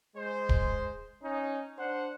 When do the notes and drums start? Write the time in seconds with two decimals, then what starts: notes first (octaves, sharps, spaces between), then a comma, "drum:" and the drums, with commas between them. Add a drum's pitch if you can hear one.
0.16 G#3 C5
0.49 drum: kick D1
1.23 C#4 D#4
1.78 D4 C5 F#5